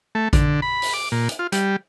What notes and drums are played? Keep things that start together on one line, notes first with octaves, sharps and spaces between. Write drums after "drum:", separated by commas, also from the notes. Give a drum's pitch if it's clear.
A3
D3, drum: kick A1, hi-hat
B5
drum: open hi-hat
D6
A#2
drum: hi-hat
F4
G3, drum: hi-hat